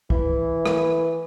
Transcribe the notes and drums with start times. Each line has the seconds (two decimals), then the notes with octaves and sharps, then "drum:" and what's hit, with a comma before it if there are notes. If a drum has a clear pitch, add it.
0.10 E3, drum: kick
0.66 drum: rim click